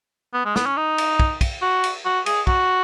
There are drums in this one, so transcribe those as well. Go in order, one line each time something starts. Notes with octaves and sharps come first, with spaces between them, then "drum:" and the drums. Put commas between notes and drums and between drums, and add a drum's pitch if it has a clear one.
B3
G#3
B3, drum: snare
C#4
D#4
drum: cymbal
drum: kick
drum: kick, cymbal
F#4
drum: cymbal
F#4
G#4, drum: cymbal
F#4, drum: kick